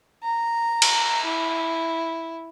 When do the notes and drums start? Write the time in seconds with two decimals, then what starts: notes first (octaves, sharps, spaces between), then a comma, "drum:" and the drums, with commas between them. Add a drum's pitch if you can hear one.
0.23 A#5
0.82 drum: cymbal
1.25 E4